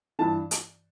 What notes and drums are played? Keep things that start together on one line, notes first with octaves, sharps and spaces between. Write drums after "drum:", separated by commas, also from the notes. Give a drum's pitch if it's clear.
G2 E3 A5
drum: hi-hat